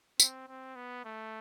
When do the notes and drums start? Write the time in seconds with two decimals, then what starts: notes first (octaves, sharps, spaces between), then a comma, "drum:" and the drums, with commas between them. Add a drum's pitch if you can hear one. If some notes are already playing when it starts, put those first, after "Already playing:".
0.20 C4, drum: tambourine
0.48 C4
0.76 B3
1.04 A3